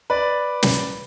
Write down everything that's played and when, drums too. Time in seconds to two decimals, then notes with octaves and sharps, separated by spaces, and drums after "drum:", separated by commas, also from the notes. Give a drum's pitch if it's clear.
0.10 B4 D5
0.63 drum: snare